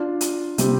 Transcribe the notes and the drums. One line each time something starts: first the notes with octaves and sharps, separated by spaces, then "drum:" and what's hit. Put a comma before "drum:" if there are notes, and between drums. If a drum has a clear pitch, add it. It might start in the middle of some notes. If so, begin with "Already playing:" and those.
Already playing: D4 F4
drum: hi-hat
C3 G3 C4 G4, drum: hi-hat